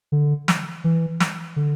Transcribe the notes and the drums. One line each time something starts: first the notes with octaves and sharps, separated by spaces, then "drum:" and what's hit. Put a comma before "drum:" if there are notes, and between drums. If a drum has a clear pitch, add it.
D3
drum: snare
E3
drum: snare
D3